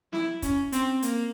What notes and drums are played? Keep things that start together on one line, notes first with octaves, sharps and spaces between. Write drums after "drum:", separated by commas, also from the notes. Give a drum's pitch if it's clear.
E4, drum: snare
C#4, drum: kick, hi-hat
C4, drum: hi-hat
A#3, drum: hi-hat